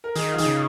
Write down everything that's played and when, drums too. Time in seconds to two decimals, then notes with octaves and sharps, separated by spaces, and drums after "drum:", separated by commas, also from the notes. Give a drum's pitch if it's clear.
0.04 A#4
0.15 D#3 D#4 G#4, drum: hi-hat
0.33 F4
0.38 D#3 D#4 G#4, drum: hi-hat
0.46 C#3